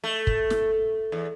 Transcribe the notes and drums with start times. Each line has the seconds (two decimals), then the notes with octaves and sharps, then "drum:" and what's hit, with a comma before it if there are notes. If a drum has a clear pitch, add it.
0.04 A3
0.27 drum: kick
0.50 drum: snare
1.12 E2